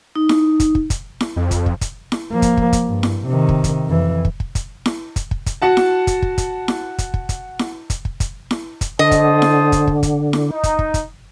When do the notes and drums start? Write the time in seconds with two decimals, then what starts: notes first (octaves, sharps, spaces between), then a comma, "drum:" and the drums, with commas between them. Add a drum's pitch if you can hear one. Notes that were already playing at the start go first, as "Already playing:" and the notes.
0.16 D#4
0.29 drum: snare E4
0.60 drum: kick, hi-hat
0.75 drum: kick
0.90 drum: kick, hi-hat
1.20 drum: snare E4
1.36 F2
1.51 drum: kick, hi-hat
1.66 drum: kick
1.81 drum: kick, hi-hat
2.12 drum: snare E4
2.32 F3 A#3
2.42 drum: kick, hi-hat
2.57 drum: kick
2.73 drum: kick, hi-hat
2.85 G2
3.03 drum: snare E4
3.26 C3 D#3
3.49 drum: kick
3.64 drum: kick, hi-hat
3.86 F2 E3
4.25 drum: kick
4.40 drum: kick
4.55 drum: kick, hi-hat
4.86 drum: snare E4
5.16 drum: kick, hi-hat
5.31 drum: kick
5.46 drum: kick, hi-hat
5.62 F#4 F#5 A5
5.77 drum: snare E4
6.07 drum: kick, hi-hat
6.22 drum: kick
6.38 drum: kick, hi-hat
6.68 drum: snare E4
6.98 drum: kick, hi-hat
7.14 drum: kick
7.29 drum: kick, hi-hat
7.59 drum: snare E4
7.90 drum: kick, hi-hat
8.05 drum: kick
8.20 drum: kick, hi-hat
8.51 drum: snare E4
8.81 drum: kick, hi-hat
8.99 D3 C5 D#5 A5 D#6
9.11 drum: kick, hi-hat
9.42 drum: snare E4
9.72 drum: kick, hi-hat
9.87 drum: kick
10.03 drum: kick, hi-hat
10.33 drum: snare E4
10.51 D#4
10.64 drum: kick, hi-hat
10.79 drum: kick
10.94 drum: kick, hi-hat